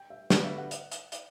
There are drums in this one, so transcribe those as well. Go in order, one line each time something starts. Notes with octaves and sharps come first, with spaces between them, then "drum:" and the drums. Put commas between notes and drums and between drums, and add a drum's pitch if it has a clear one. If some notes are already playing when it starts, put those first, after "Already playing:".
Already playing: G5
E5
D3 G3 B3 F#4 B4 D5, drum: snare
E5
F#5
drum: hi-hat
drum: hi-hat
drum: hi-hat